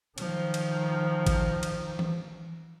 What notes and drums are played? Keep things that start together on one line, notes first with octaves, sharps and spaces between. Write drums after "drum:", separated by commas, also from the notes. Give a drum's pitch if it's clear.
D#3 F3, drum: cymbal
drum: cymbal
drum: kick, cymbal
drum: cymbal
drum: tom E3